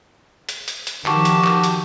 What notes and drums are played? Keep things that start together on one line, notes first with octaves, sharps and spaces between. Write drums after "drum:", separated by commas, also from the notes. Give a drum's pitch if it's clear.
drum: hi-hat
drum: hi-hat
drum: hi-hat
D#3 F3 F#4 G4 A5, drum: clap
drum: hi-hat
drum: clap
drum: hi-hat